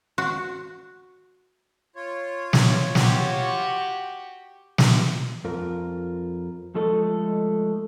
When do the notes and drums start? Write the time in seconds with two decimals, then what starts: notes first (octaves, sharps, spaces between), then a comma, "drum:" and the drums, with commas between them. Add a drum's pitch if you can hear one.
0.18 F#4
1.96 F4 C#5
2.53 drum: snare
2.95 F#4 G4, drum: snare
4.78 drum: snare
5.44 F2 F4 A#4
6.75 F3 G#3 A3 D#4 A4